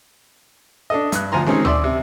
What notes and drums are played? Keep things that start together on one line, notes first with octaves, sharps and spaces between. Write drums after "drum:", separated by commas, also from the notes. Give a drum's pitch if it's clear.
D4 A4 D#5
G2 F#6, drum: hi-hat
D2 F3 G#5 A#5 C6
D#3 G#3 C4 C#4 D#4 G#4, drum: snare A3
D5 E5 C6 D6 E6, drum: tom D2
C3